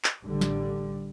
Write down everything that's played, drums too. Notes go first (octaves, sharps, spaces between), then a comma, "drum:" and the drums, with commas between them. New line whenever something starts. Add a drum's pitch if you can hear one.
drum: clap
A1 D3 G3
drum: snare